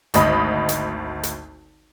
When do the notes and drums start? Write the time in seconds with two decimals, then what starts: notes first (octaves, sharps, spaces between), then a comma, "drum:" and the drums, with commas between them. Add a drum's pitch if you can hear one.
0.14 G#1 D2 D#5 B5, drum: hi-hat
0.69 drum: hi-hat
1.23 drum: hi-hat